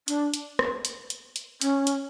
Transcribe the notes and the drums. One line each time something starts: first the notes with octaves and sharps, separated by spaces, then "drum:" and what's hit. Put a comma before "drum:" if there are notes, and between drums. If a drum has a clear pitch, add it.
D4, drum: hi-hat
drum: hi-hat
drum: rim click
drum: hi-hat
drum: hi-hat
drum: hi-hat
C#4, drum: hi-hat
drum: hi-hat